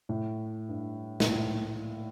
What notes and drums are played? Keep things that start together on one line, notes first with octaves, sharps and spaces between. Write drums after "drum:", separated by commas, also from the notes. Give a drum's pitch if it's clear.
A2
G2
A#2, drum: snare
A2